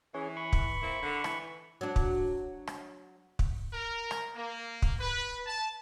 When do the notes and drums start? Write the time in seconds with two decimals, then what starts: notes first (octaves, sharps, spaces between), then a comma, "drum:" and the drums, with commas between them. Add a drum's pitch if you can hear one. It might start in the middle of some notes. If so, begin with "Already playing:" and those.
0.14 E3 C#4 G#4 C#5
0.37 B5 C#6
0.53 drum: kick
0.80 A#3 C4 E4
1.03 D3
1.24 E3, drum: rim click
1.81 F#3 D4
1.96 drum: kick
2.67 drum: rim click
3.39 drum: kick
3.73 A#4
4.11 drum: rim click
4.35 A#3
4.82 drum: kick
5.00 B4
5.46 A5